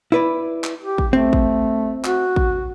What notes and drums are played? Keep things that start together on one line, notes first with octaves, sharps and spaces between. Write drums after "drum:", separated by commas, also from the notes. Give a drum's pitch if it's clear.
E4 B4 D5
drum: clap
G4
drum: kick A1
A3 C4
drum: kick A1
F#4, drum: clap
drum: kick A1